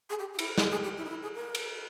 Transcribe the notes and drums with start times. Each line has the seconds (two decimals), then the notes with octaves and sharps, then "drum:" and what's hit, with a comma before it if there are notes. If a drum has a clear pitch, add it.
0.10 G#4
0.19 G4
0.33 G4
0.39 E4, drum: cymbal
0.58 G#4, drum: snare
0.71 G#4
0.83 G4
0.97 E4
1.05 D#4
1.09 E4
1.22 G#4
1.35 A#4
1.55 drum: cymbal